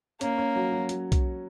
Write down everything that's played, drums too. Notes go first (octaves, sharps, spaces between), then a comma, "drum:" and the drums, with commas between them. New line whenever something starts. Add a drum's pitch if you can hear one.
A#3 C#4, drum: hi-hat
C#4
F#3
F#3
F#3, drum: hi-hat
drum: kick B1, hi-hat